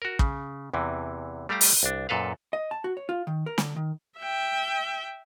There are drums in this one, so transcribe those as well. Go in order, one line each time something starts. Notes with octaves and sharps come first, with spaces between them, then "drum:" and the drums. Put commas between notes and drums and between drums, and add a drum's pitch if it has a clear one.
F#4 A#4
C#3, drum: kick
E2 C3 E3
G3 A3 G4 F5 A#5
drum: open hi-hat
C2 D4
F#2 A#2 A4 B4 F5
D#5
A5
F#4
C#5
F4
D#3
A#4
D3, drum: snare
D#3
E5 G5